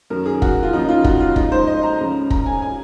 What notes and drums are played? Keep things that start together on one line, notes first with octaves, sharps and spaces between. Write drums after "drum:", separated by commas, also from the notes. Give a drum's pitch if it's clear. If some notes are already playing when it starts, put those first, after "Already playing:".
F#2 D#3 F#3 A#4
G#4
F#4, drum: kick
F4
D#2 C#3 F3 D#4
F4
F#4, drum: kick
F4
G#2 F3 D#4, drum: kick
C5
D#5
A#5
C#2 C#3 F3
A#5, drum: kick
G#5
C3 F3 G#5